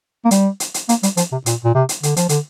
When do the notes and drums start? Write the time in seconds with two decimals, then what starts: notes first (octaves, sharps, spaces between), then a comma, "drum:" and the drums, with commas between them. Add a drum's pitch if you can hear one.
0.25 A#3
0.31 G3, drum: hi-hat
0.60 drum: hi-hat
0.74 drum: hi-hat
0.89 A#3, drum: hi-hat
1.03 G3, drum: hi-hat
1.17 F3, drum: hi-hat
1.32 C3
1.46 A#2, drum: hi-hat
1.64 A#2
1.75 C3
1.89 drum: hi-hat
2.03 D3, drum: hi-hat
2.17 F3, drum: hi-hat
2.29 D3, drum: hi-hat